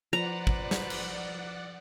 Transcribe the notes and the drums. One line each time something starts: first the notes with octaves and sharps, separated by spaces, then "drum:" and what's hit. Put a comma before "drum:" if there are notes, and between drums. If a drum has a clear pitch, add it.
F3 B4 C5 D5 F#5 A#5
drum: kick
drum: snare
drum: cymbal